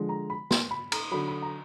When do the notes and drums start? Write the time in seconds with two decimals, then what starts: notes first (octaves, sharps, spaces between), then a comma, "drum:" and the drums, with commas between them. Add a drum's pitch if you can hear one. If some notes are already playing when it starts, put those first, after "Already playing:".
Already playing: D3 F3 G#3
0.09 A#5
0.30 B5
0.51 C6, drum: snare
0.71 B5
0.92 A#5, drum: cymbal
1.11 D3 F#3 B5
1.28 B5
1.42 A#5